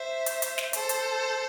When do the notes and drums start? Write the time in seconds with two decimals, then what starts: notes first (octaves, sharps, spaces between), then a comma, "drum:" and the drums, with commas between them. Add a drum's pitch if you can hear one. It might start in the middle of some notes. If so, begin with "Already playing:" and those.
Already playing: C5 E5
0.26 drum: hi-hat
0.42 drum: hi-hat
0.58 drum: snare
0.73 A4 C5, drum: hi-hat
0.89 drum: hi-hat